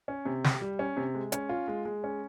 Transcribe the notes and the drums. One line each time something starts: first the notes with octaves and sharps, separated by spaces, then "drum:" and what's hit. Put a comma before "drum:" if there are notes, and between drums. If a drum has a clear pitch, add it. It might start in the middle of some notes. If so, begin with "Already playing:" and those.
C#4
C3
G4, drum: snare
G3
C#4
C3
G#3
C#4, drum: hi-hat
F4
G#3
G#3
C#4